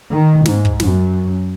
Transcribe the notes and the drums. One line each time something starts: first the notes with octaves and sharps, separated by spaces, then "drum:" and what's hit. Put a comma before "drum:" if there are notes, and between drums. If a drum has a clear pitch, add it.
D#3
G#2, drum: snare
drum: kick
F#2, drum: snare